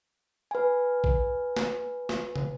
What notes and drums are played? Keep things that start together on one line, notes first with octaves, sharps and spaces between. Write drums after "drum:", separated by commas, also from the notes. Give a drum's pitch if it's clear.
B4 G#5
drum: kick A1
drum: snare
drum: snare
drum: tom